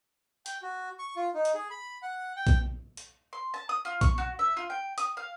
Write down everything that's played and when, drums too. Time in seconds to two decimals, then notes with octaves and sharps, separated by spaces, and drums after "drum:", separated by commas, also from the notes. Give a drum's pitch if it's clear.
0.46 G5, drum: hi-hat
0.62 F#4
0.99 C#6
1.16 F4
1.34 D#4
1.45 drum: hi-hat
1.55 G#4
1.70 B5
2.02 F#5
2.36 G5
2.47 drum: kick A#1, hi-hat
2.97 drum: hi-hat
3.33 C6
3.54 A5
3.69 D#6
3.85 F4
4.01 C#6, drum: kick A#1, hi-hat
4.18 F#4
4.39 E5
4.57 F4
4.70 G5
4.98 D#6, drum: hi-hat
5.17 F5